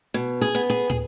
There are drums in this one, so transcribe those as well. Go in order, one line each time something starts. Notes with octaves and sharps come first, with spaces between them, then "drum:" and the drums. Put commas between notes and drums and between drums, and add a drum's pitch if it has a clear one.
B2
G#4
B3
G#4
G#4, drum: tom